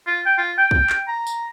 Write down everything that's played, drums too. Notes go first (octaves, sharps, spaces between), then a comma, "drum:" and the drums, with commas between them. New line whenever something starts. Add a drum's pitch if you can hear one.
F4
G5
F4
G5
drum: kick
drum: clap
A#5
drum: tambourine